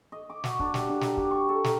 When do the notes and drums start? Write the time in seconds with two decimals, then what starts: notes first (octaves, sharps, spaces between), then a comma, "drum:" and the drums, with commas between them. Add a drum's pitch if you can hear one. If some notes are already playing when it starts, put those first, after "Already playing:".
0.12 D#5
0.30 D6
0.44 F#4, drum: snare
0.59 D4, drum: kick
0.74 G3, drum: snare
0.89 D4
1.01 A#4, drum: snare
1.17 G4, drum: kick
1.31 C#6
1.49 A4
1.64 A#4, drum: snare